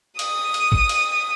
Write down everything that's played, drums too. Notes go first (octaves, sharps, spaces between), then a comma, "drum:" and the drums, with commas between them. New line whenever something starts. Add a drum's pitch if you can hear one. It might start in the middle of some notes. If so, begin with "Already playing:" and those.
D#6, drum: cymbal
drum: cymbal
drum: kick
drum: cymbal